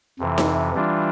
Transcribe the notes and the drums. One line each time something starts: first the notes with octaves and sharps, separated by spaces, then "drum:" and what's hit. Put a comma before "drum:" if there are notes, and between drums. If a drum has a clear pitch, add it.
F2 C3 E3
drum: snare D#4
E3 G3 D4 F4